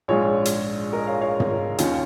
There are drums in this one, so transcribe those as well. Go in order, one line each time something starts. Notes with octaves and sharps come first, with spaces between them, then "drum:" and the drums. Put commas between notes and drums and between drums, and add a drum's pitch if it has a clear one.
A#1 G#2 G#3 F4 C#5
drum: hi-hat
A#4 D#5
C#5 F5
C#5 F5
drum: tom
D#2 D#3 C#4 F4, drum: hi-hat